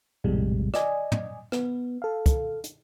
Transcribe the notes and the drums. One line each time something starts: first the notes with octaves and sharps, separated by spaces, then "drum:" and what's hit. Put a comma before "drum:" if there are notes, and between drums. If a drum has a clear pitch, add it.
A#1 F2 A2 C3 G3 G#3
D5 D#5 G#5, drum: rim click
drum: tom
B3, drum: rim click
A4 F5
drum: kick, hi-hat
drum: hi-hat